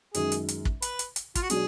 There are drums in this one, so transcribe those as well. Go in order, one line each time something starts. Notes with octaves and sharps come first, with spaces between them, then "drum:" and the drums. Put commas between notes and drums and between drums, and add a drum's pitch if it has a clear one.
F#2 D#3 G#3 G#4, drum: hi-hat
drum: hi-hat
drum: hi-hat
drum: kick
B4, drum: hi-hat
drum: hi-hat
drum: hi-hat
F4, drum: kick, hi-hat
F#4
B2 F#3 D4 G#4, drum: hi-hat